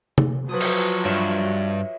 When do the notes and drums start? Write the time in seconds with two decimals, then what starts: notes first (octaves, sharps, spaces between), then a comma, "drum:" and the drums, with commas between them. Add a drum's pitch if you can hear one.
0.18 drum: tom C3
0.49 F3 F#3 B4 D#6
0.61 drum: cymbal
1.05 G2 F4 C#5 E5